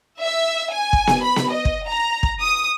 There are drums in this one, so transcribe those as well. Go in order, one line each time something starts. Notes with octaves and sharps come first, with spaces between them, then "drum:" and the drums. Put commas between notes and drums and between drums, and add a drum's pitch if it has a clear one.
E5
G#5
drum: kick
drum: snare B3
B5
drum: snare B3
D#5
drum: kick
A#5
drum: kick
D#6